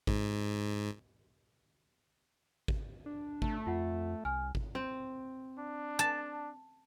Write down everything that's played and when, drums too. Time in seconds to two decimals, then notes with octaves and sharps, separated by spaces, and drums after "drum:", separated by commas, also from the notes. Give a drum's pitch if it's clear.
0.07 G#2, drum: kick G#1
2.68 drum: kick G#1
3.06 D4
3.42 A3 A5, drum: kick G#1
3.67 F2 F4 F#5
4.25 C2 G#5 F6
4.55 drum: kick G#1
4.75 C4
5.59 D4
5.99 A5